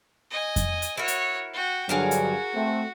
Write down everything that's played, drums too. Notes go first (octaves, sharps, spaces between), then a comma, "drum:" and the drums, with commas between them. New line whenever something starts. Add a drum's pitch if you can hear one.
D#5 G#5
drum: kick F2, hi-hat
drum: hi-hat
E4 F#4 A#4 C#5
drum: hi-hat
F#4 G5
G2 D3 F#3 F#4 G#4 A#4 F5
drum: hi-hat
A3 C4